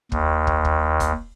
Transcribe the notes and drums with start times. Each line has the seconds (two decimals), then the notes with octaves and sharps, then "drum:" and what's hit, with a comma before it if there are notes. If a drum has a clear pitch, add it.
0.12 D#2, drum: kick
0.47 drum: kick
0.65 drum: kick
1.00 drum: kick, hi-hat